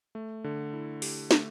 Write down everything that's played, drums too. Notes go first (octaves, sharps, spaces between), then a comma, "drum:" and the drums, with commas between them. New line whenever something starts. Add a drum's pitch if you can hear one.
A3
D3
E4
G4, drum: open hi-hat
A3, drum: snare